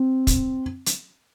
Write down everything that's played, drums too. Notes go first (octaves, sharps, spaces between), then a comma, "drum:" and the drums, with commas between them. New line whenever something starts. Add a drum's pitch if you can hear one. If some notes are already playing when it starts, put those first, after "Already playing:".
Already playing: C4
drum: kick, hi-hat
drum: hi-hat